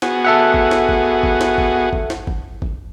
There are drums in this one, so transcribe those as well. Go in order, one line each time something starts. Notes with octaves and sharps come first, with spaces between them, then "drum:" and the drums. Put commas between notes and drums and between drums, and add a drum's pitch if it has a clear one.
B3 F#4 G#4, drum: snare
A4 E5 F#5
drum: kick G1
drum: snare
drum: kick G1
drum: kick G1
drum: snare
drum: kick G1
drum: kick G1
drum: snare
drum: kick G1
drum: kick G1